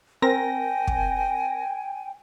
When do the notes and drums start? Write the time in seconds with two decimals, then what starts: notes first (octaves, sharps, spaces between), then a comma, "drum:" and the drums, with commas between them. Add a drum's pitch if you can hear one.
0.22 C4 A#4 G5 G#5 A#6
0.87 drum: kick